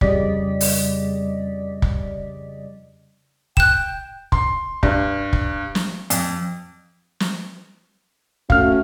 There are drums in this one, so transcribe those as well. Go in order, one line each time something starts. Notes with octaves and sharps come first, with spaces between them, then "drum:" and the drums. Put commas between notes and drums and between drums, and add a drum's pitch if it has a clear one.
F2 C#3 G3 D5 D#5 B6, drum: kick
drum: open hi-hat
drum: kick
G5 F#6 E7, drum: kick
C6, drum: kick
G2, drum: kick
drum: kick
drum: snare
F2, drum: hi-hat
drum: snare
A3 C#4 F#4 F5 F6, drum: kick